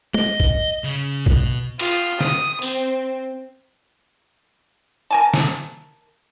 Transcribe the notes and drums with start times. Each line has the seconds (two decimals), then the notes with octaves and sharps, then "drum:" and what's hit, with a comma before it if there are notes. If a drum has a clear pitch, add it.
0.14 D#5, drum: tom
0.40 drum: kick
0.84 C#3
1.26 B2, drum: kick
1.79 F4, drum: cymbal
2.21 D#6, drum: snare
2.62 C4, drum: tambourine
5.11 A#4 G#5 A5
5.34 drum: snare